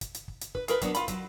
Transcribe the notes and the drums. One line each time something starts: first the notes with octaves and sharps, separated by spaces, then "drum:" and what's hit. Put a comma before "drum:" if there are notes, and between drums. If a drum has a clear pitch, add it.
drum: kick, hi-hat
drum: hi-hat
drum: kick
drum: hi-hat
B4, drum: kick
G#4 A#4 B4, drum: hi-hat
F#3 A#3 B3 D4, drum: kick, hi-hat
F4 B5, drum: hi-hat
F#3, drum: kick, hi-hat